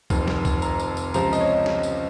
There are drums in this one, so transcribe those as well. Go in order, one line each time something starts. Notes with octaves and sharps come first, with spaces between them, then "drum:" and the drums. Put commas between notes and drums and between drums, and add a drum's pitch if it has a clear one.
F1 F2 D#3, drum: kick C2, tambourine
drum: snare
drum: kick C2, tambourine
A#5, drum: tambourine
drum: tambourine
drum: tambourine
C#2 C3 F3 A#5, drum: tambourine
D#5, drum: tambourine
C#5
drum: snare
drum: tambourine